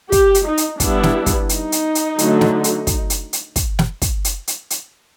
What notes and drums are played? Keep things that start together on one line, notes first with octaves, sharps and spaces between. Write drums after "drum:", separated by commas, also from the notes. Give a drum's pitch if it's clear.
G4, drum: kick, hi-hat
drum: hi-hat
D#4
drum: hi-hat
G3 B3 D4 E4, drum: kick, hi-hat
drum: snare
drum: kick, hi-hat
D#4, drum: hi-hat
drum: hi-hat
drum: hi-hat
D3 F#3 A3, drum: hi-hat
drum: snare
drum: hi-hat
drum: kick, hi-hat
drum: hi-hat
drum: hi-hat
drum: kick, hi-hat
drum: snare
drum: kick, hi-hat
drum: hi-hat
drum: hi-hat
drum: hi-hat